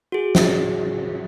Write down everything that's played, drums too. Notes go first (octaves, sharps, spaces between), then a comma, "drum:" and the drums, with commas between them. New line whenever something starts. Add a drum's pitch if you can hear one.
F#4 G#4
drum: snare